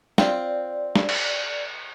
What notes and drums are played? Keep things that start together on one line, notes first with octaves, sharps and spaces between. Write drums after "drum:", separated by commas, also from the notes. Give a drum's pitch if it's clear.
C4 F4 D5, drum: snare
drum: snare
drum: cymbal